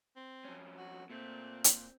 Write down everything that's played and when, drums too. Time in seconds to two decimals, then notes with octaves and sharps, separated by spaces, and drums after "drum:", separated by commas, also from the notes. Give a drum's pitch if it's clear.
0.16 C4
0.45 F2 C#4
0.77 F#4
1.10 A#2 A3 C4
1.64 drum: hi-hat